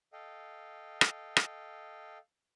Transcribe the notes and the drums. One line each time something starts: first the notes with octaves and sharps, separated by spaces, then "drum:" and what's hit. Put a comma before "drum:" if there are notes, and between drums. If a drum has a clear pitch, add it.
A4 D#5 F5 G5
drum: rim click
drum: rim click